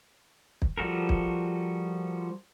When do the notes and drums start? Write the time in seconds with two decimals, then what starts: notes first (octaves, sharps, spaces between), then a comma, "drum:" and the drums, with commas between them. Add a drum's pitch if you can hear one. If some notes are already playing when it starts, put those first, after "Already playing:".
0.62 drum: kick
0.78 F3 G3 F#4 A4 A#4
1.09 drum: kick